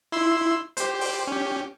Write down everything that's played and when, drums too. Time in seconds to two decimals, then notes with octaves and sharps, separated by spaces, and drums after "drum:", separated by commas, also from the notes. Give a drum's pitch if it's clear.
0.12 E4 C6 E6
0.77 G4 C5, drum: hi-hat
1.01 drum: open hi-hat
1.27 C#4 G4